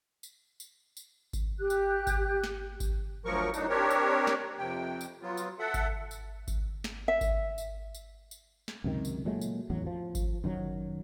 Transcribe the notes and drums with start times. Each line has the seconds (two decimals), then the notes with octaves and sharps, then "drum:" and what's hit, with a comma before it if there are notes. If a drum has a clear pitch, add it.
0.23 drum: tambourine
0.60 drum: tambourine
0.97 drum: tambourine
1.33 drum: kick G#1, tambourine
1.59 G4 F#6
1.70 drum: tambourine
2.07 drum: kick G#1, tambourine
2.44 drum: snare
2.80 drum: kick G#1, tambourine
3.25 D2 F3 F#3 A#4 C#6
3.54 A2 F#3 D4 D#4, drum: tambourine
3.69 C4 D4 G4 A#4 C#5
3.90 drum: tambourine
4.27 drum: snare
4.58 F2 C3 G5
5.01 drum: tambourine
5.22 F#3 B3 F4
5.37 drum: tambourine
5.59 A4 E5 F#5
5.74 drum: kick G#1, tambourine
6.11 drum: tambourine
6.48 drum: kick G#1, tambourine
6.84 drum: snare
7.08 E5
7.21 drum: kick G#1, tambourine
7.58 drum: tambourine
7.95 drum: tambourine
8.31 drum: tambourine
8.68 drum: snare
8.84 C#2 F#2 C3 D#3
9.05 drum: tambourine
9.25 A#2 F#3 G#3 A3
9.41 drum: tambourine
9.70 A1 E2 A2 F#3
9.87 F3
10.15 drum: kick G#1, tambourine
10.44 F#2 D#3 F#3